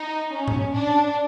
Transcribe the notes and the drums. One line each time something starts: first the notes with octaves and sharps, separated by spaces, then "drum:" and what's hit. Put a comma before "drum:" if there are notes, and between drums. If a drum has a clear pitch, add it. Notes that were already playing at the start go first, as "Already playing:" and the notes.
Already playing: D#4
C#4
drum: tom A2
D4